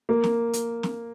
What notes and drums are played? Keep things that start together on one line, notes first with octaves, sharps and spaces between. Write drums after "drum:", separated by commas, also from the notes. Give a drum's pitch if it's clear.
A#3
drum: snare
drum: hi-hat
drum: snare